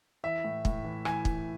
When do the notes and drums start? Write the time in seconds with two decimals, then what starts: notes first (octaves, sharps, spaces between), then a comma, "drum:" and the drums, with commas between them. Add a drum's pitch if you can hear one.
0.24 E3 E5
0.44 A2
0.65 A2, drum: kick
0.84 E3
1.05 E3 G#5, drum: rim click
1.25 E3, drum: kick